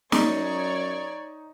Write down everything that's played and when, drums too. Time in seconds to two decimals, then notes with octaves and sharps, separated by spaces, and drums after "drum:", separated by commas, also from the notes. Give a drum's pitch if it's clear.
0.12 F#2 D#4 C#5 D5 C#6, drum: snare